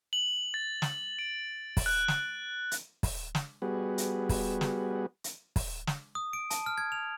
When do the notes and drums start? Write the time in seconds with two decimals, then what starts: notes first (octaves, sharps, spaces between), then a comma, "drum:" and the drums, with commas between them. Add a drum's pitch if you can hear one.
0.13 F#7
0.54 A6
0.82 drum: snare
1.19 D7
1.77 drum: kick, open hi-hat
1.86 F#6
2.08 drum: snare
2.71 drum: hi-hat
3.03 drum: kick, open hi-hat
3.35 drum: snare
3.62 G3 B3 F#4 G#4
3.98 drum: hi-hat
4.29 drum: kick, open hi-hat
4.61 drum: snare
5.24 drum: hi-hat
5.56 drum: kick, open hi-hat
5.87 drum: snare
6.15 D#6
6.33 D7
6.50 A5, drum: hi-hat
6.66 F6
6.78 G#6
6.92 F7